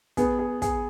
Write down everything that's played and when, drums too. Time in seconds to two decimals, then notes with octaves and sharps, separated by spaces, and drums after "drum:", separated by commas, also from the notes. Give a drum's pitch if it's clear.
0.17 B3 G#4, drum: kick, hi-hat
0.39 G#4
0.62 G#4, drum: kick, hi-hat